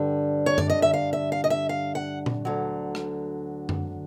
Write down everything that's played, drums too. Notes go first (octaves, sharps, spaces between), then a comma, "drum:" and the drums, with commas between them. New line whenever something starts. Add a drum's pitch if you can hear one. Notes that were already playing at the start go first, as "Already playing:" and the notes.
Already playing: G2 D3 G3
C#5
D5, drum: tom F#2
D#5
E5
F5
E5
F5
D#5
E5
F5
F#5
drum: tom A#2
D2 D3 F#3
drum: rim click
drum: tom F#2